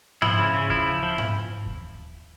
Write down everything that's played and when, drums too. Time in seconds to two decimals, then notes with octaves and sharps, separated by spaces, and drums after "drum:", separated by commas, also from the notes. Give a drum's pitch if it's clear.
0.22 F3 E4, drum: tom G#2
0.39 C#3
0.54 C#3
0.70 F3 E4, drum: kick D#2
0.86 F3
1.03 F3
1.18 drum: tom G#2
1.66 drum: kick D#2